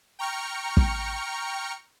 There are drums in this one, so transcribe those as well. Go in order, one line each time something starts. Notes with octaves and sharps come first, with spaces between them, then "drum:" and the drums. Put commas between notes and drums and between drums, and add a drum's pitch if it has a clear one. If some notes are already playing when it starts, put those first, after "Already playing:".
G5 A#5 C#6 F6 C#7
drum: kick